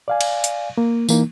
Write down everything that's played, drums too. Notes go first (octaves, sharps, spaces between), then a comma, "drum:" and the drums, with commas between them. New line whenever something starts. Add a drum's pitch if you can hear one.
D5 F5 G#5
drum: cymbal
drum: hi-hat
A#3
E3 A#3 D#4, drum: tambourine